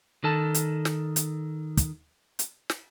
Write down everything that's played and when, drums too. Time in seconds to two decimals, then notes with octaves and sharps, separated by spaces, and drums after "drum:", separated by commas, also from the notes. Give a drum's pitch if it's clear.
0.24 D#3 A4 A5
0.54 drum: hi-hat
0.85 drum: snare
1.16 drum: hi-hat
1.77 drum: kick, hi-hat
2.39 drum: hi-hat
2.70 drum: snare